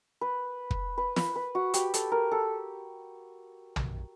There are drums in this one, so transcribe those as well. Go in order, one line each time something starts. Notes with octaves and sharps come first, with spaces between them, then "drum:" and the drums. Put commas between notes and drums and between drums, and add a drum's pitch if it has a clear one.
B4
drum: kick
B4
B4, drum: snare
B4
F#4
G4, drum: hi-hat
A4, drum: hi-hat
A#4
A4
drum: tom